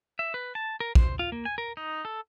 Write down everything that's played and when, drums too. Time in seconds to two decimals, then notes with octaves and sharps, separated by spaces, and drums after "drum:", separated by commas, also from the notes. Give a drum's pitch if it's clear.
0.19 E5
0.34 B4
0.55 A5
0.80 A#4
0.95 C5, drum: kick
1.19 F4
1.32 A#3
1.45 G#5
1.58 A#4
1.77 D#4
2.05 A4